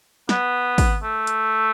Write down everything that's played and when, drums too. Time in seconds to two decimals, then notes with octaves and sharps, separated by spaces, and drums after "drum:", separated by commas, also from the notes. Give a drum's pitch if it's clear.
0.29 B3, drum: snare
0.78 drum: kick, open hi-hat
1.03 A3
1.27 drum: hi-hat